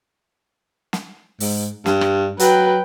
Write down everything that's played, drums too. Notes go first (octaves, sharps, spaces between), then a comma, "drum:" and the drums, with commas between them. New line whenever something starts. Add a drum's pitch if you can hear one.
drum: snare
G#2, drum: open hi-hat
G2, drum: snare
drum: rim click
F#3 B4 G5, drum: hi-hat